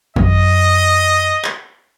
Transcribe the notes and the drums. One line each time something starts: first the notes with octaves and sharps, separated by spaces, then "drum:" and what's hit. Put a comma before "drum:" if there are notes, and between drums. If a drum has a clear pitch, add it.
F#2 D#5, drum: kick G#1
drum: clap